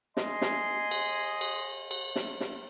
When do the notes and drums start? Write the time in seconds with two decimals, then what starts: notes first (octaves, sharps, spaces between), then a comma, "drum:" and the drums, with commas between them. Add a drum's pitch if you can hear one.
0.17 G#4 D#5 G#5 C6, drum: snare
0.42 drum: snare
0.91 drum: cymbal
1.41 drum: cymbal
1.91 drum: cymbal
2.16 drum: snare
2.40 drum: snare